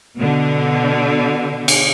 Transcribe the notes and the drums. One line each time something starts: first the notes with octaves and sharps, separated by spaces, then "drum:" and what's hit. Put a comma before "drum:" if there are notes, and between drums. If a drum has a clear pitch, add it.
B2 D3
drum: cymbal